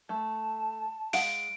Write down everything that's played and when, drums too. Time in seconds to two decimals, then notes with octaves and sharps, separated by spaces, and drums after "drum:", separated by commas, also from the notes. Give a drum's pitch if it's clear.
0.09 A3 A5
1.13 G#3 F5 F#5 D7, drum: open hi-hat